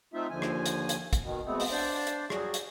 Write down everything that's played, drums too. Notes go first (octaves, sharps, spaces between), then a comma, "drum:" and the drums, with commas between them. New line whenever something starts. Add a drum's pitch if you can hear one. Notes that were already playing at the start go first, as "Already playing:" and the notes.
A3 C4 D#4 F4 E5
D#2 D3 F3 G#5
drum: rim click
drum: hi-hat
drum: hi-hat
drum: kick, hi-hat
B2 D#3
B2 G#3 A3 B3 C4
drum: open hi-hat
D4 C5 D5
drum: hi-hat
F#3 G3 F#4 G#4, drum: rim click
drum: hi-hat